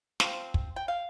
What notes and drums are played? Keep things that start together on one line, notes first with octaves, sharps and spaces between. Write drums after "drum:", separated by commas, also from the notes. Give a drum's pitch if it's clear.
F3 C4 F5, drum: snare
drum: kick
G5
F5